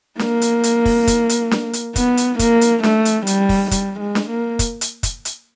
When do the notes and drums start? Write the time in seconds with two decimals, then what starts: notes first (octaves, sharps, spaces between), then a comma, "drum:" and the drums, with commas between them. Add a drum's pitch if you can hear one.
0.19 A#3, drum: snare D4
0.42 drum: hi-hat
0.63 drum: hi-hat
0.85 drum: kick, open hi-hat
1.07 drum: kick, hi-hat
1.29 drum: hi-hat
1.51 drum: snare D4
1.73 drum: hi-hat
1.96 B3, drum: kick, hi-hat
2.17 drum: hi-hat
2.39 A#3, drum: kick, hi-hat
2.61 drum: hi-hat
2.83 A3, drum: snare D4
3.05 drum: hi-hat
3.27 G3, drum: hi-hat
3.49 drum: kick, open hi-hat
3.71 G3, drum: kick, hi-hat
4.00 G#3
4.15 drum: snare D4
4.30 A#3
4.59 drum: kick, hi-hat
4.81 drum: hi-hat
5.03 drum: kick, hi-hat
5.25 drum: hi-hat